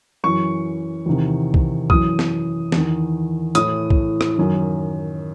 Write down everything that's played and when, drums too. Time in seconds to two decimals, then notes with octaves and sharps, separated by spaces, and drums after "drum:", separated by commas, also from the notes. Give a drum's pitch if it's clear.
0.24 F#2 E3 C#6
1.06 E2 C3 D#3
1.54 drum: kick
1.90 F#2 E3 D#6, drum: kick
2.19 drum: snare
2.72 E2 D#3, drum: snare
3.55 A2 E3 D#6, drum: hi-hat
3.90 drum: kick
4.21 drum: rim click
4.38 F#2 D#3